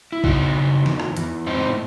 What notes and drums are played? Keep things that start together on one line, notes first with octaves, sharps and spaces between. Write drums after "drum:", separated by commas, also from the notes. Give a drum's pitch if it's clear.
E4
C#3 D#4 F#4, drum: kick
C#3
E2, drum: snare
drum: rim click
E2, drum: hi-hat
A2 C4 D#4